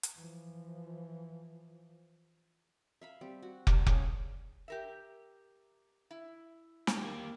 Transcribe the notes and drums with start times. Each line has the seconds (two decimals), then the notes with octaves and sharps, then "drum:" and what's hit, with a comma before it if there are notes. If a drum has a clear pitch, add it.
0.03 drum: hi-hat
0.16 E3 F3
3.01 E5 F5 B5
3.21 G3 C4
3.43 F#4
3.67 G3 A5 A#5, drum: kick
3.87 C#4 G#4 F5, drum: kick
4.68 G4 A#4 E5
6.11 E4
6.87 drum: snare
6.98 A#3 G4